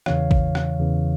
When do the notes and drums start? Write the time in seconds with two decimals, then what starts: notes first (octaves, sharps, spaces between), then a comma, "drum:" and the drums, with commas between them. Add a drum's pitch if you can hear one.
0.06 E2 C#3 E3 C#5 F5, drum: rim click
0.31 drum: kick
0.55 drum: rim click
0.79 E2 C#3 E3